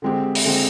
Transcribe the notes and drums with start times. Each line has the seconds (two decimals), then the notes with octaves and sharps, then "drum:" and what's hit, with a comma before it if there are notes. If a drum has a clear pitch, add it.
0.02 D3 G#3 C4 G4
0.35 drum: open hi-hat
0.45 D3 G#3 C4 G4